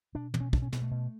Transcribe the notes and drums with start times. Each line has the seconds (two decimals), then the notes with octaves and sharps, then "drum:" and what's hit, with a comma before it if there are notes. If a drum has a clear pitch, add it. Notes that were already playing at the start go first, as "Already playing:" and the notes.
0.15 B2 D4
0.34 B2, drum: tom
0.40 C#4
0.53 B2 D4, drum: kick
0.62 C#4
0.72 B2 B3, drum: snare
0.82 A3
0.91 B2